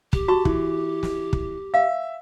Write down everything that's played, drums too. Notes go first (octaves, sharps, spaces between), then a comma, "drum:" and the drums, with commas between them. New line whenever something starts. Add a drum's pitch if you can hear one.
G4, drum: kick
F#4 A5 C#6
E3, drum: kick
drum: snare
drum: kick
E5 F5